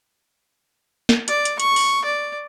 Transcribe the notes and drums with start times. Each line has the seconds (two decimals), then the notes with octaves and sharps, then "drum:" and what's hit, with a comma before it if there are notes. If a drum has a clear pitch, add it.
1.09 drum: snare
1.28 D5, drum: hi-hat
1.45 drum: hi-hat
1.60 C#6, drum: hi-hat
1.76 drum: open hi-hat
2.05 D5